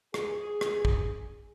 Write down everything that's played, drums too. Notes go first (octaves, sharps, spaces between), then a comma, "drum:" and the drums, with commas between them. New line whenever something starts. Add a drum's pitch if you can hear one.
G#4, drum: rim click
drum: rim click
drum: kick